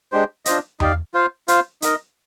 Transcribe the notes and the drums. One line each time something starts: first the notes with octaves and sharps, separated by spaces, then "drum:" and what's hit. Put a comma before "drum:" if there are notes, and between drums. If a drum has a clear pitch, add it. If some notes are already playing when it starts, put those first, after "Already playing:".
G#3 D4 G4 C5
D4 F4 C5 D#5, drum: hi-hat
D#4 G4 D5 F5, drum: tom E2
F4 C5 F5
F4 C5 F5, drum: hi-hat
D#4 A#4 D#5, drum: hi-hat